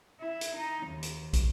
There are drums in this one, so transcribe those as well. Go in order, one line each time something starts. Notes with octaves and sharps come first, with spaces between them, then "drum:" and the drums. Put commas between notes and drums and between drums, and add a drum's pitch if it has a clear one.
E4
drum: hi-hat
D#4
D#2
drum: hi-hat
drum: kick, hi-hat